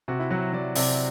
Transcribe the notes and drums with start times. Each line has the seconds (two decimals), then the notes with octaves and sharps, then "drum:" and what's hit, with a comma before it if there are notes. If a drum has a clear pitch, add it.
0.08 C3 F#4
0.20 E4
0.30 F#3 F#4
0.53 F#3 D5
0.75 C3 D5, drum: open hi-hat